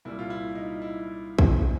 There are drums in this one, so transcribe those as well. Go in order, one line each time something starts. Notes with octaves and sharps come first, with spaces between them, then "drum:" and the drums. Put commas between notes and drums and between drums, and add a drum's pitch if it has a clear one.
C2 A#2 G3 E4
F4
E4
D#4
E4
drum: kick
D3 F#3